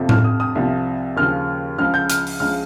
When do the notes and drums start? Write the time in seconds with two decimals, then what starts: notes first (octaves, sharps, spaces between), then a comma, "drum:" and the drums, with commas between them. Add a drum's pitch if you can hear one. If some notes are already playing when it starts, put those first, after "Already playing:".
Already playing: F2 C3 F3
0.09 F6, drum: tom A2
0.24 D#6
0.40 D#6
0.55 C2 C3 F3
1.16 D#2 C#3 F3 F6
1.78 C#2 C#3 F3 F6
1.94 G6
2.10 F6, drum: hi-hat
2.27 drum: open hi-hat
2.40 C#2 C#3 F3 F6